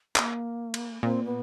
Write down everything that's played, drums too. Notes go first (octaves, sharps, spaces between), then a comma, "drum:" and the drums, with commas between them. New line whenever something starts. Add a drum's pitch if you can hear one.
A#3, drum: clap
drum: cymbal
A#2 C4
B3